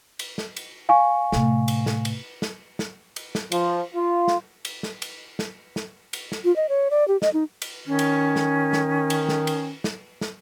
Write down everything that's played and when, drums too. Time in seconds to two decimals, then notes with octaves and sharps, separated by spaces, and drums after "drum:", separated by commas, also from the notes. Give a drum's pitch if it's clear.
0.19 drum: cymbal
0.38 drum: snare
0.57 drum: cymbal
0.89 F5 G#5 C#6
1.32 A2 C3, drum: snare
1.68 drum: cymbal
1.86 drum: snare
2.05 drum: cymbal
2.42 drum: snare
2.79 drum: snare
3.16 drum: cymbal
3.35 drum: snare
3.52 F3, drum: cymbal
3.94 F4
4.28 drum: snare
4.65 drum: cymbal
4.83 drum: snare
5.02 drum: cymbal
5.39 drum: snare
5.76 drum: snare
6.13 drum: cymbal
6.32 drum: snare
6.44 F4
6.56 D#5
6.69 C#5
6.91 D5
7.08 G4
7.22 D#5, drum: snare
7.33 D#4
7.62 drum: cymbal
7.86 D#3 C#4
7.99 drum: cymbal
8.36 drum: snare
8.73 drum: snare
9.10 drum: cymbal
9.29 drum: snare
9.47 drum: cymbal
9.84 drum: snare
10.21 drum: snare